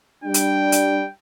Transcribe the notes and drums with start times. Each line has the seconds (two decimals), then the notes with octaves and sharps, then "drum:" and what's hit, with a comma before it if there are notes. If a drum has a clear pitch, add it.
0.24 G3 D4 G5
0.34 drum: hi-hat
0.72 drum: hi-hat